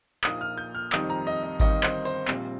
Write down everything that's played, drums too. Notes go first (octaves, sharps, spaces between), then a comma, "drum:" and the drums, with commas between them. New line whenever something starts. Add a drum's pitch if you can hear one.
A#1 A#2 A#3 D#4 D#6, drum: clap
F6
G6
F6
F2 D#3 G3 C4 D#4 D#6, drum: clap
A#5
D#5
D#5
G1 G2 D#3 C4 D#4 D#5, drum: kick G#1, tambourine
C5, drum: clap
C5, drum: tambourine
A#1 A#2 G3 C4, drum: clap